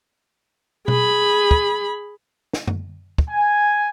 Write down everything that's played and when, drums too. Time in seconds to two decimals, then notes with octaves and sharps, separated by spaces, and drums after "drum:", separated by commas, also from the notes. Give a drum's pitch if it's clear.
0.88 G#4 B5, drum: tom B2
1.51 drum: kick
2.53 drum: snare
2.67 drum: tom F#2
3.18 drum: kick
3.30 G#5